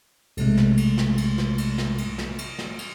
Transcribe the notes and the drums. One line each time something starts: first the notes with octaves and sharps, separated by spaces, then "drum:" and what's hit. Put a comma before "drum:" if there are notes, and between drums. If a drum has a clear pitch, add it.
B1 C3 G#3 A3, drum: cymbal
drum: snare
drum: cymbal
drum: snare
drum: cymbal
drum: snare
drum: cymbal
drum: snare
drum: cymbal
drum: snare
drum: cymbal
drum: snare
drum: cymbal